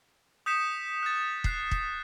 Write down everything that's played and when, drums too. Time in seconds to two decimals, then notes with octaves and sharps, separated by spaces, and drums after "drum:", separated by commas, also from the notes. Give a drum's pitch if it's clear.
0.46 D#6 G6 B6 C#7 E7
1.03 F#6 A6
1.44 F#6 C7, drum: kick
1.71 drum: kick